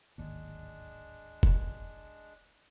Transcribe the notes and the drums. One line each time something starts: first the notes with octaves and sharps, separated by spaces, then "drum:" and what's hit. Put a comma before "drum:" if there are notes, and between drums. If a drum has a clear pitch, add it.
D1 G#1 D#2 G#3 D4
drum: kick F1